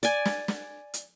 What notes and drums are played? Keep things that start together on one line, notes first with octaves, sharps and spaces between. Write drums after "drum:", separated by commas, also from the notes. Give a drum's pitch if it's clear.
D5 G#5, drum: hi-hat
drum: snare
drum: snare
drum: hi-hat